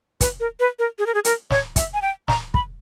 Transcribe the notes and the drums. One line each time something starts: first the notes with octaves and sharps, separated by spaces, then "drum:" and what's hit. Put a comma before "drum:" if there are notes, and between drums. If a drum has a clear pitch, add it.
B4, drum: kick, hi-hat
A#4
B4
A#4
G#4
A#4
G#4
A#4, drum: hi-hat
C#5, drum: snare
E5, drum: kick, hi-hat
G#5
G5
A#5, drum: snare
B5, drum: kick